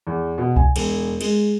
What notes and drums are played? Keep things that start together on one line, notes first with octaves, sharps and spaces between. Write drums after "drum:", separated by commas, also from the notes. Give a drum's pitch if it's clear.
E2
B2
G#5, drum: kick C2
E1, drum: cymbal
G#3, drum: cymbal